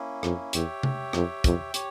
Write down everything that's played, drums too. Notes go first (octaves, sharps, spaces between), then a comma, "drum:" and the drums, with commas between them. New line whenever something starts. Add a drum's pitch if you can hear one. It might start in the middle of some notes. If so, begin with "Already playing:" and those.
Already playing: A#3 C#4 E4
F2, drum: rim click
E2 G4 C#5 E5 G5, drum: hi-hat
drum: tom C3
F2, drum: rim click
F2, drum: kick, hi-hat
G4 C#5, drum: hi-hat